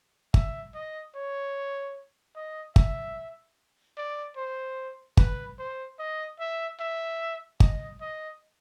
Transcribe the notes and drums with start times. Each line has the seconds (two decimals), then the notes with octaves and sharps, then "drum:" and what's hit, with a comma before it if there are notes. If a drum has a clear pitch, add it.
0.34 E5, drum: kick G1
0.75 D#5
1.15 C#5
2.36 D#5
2.76 E5, drum: kick G1
3.98 D5
4.37 C5
5.17 B4, drum: kick G1
5.59 C5
5.99 D#5
6.40 E5
6.80 E5
7.60 D#5, drum: kick G1
8.01 D#5